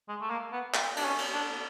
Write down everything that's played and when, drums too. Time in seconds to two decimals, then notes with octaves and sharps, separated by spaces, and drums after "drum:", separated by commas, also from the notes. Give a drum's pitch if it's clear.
0.08 G#3
0.21 A3
0.30 A#3
0.52 B3
0.74 drum: clap
0.97 D4, drum: cymbal
1.04 C#4
1.18 drum: cymbal
1.32 D4